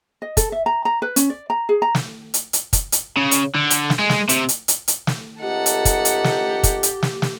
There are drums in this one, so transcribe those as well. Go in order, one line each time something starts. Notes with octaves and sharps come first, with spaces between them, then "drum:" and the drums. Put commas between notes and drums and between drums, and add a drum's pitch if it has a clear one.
D#5
A4, drum: kick, hi-hat
E5
A#5
A#5
B4
C#4, drum: hi-hat
D5
A#5
G#4
A#5
drum: snare
drum: hi-hat
drum: hi-hat
drum: kick, hi-hat
drum: hi-hat
C#3
drum: hi-hat
D3
drum: hi-hat
drum: snare
G#3
drum: snare
C3, drum: hi-hat
drum: hi-hat
drum: hi-hat
drum: hi-hat
drum: snare
C#2 A3 D#4 G4 A4 F#5
drum: hi-hat
drum: kick, hi-hat
drum: hi-hat
drum: snare
drum: kick, hi-hat
drum: hi-hat
drum: snare
drum: snare